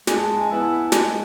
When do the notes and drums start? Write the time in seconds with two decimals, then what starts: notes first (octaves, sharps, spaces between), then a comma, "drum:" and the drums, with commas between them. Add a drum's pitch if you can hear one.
0.07 G#3 G#5, drum: snare
0.16 A5
0.25 G#5
0.33 A5
0.41 G#5
0.50 B3 E4 A5
0.58 G#5
0.86 A5
0.92 G#3 G#5, drum: snare